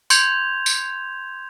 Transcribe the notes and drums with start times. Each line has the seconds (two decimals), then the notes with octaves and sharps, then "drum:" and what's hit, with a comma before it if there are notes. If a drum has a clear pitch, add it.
0.10 C6 G6 G#6 F7, drum: tambourine
0.66 drum: tambourine